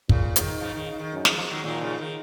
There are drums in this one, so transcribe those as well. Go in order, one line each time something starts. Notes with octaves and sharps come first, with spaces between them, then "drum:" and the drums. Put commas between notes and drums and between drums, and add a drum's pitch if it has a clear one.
A#2 C#3, drum: kick
D#3, drum: hi-hat
C#3 F3
D#3
C#3
D#3
F#2
F3 G#3, drum: snare
F3 G#3
D#3 F#3
A#2 D#3 F#3
C#3 F3
D#3